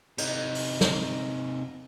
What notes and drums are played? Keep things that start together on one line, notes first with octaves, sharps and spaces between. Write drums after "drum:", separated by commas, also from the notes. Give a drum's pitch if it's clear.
C3 D#4, drum: cymbal
drum: open hi-hat
drum: snare